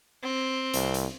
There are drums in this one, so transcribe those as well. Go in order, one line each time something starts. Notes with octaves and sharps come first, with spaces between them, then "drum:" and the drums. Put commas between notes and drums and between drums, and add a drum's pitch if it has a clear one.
C4
C2, drum: hi-hat
drum: hi-hat